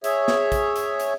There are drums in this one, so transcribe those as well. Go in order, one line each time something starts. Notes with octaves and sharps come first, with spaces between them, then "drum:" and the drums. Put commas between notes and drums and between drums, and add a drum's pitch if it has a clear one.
G#4 C#5 E5, drum: hi-hat
drum: snare
drum: kick A1, hi-hat
drum: hi-hat
drum: hi-hat